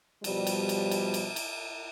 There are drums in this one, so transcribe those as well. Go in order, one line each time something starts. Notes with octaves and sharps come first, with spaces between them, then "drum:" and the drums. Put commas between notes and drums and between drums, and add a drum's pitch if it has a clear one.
B2 F3 G3, drum: cymbal
drum: cymbal
drum: cymbal
drum: cymbal
drum: cymbal
drum: cymbal